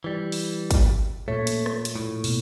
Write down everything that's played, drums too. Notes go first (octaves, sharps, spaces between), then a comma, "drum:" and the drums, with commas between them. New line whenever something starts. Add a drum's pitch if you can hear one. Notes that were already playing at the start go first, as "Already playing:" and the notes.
E3 G3
drum: open hi-hat
drum: kick, hi-hat
A#2 A3 C#5
drum: hi-hat
drum: rim click
drum: hi-hat
A2
B2, drum: open hi-hat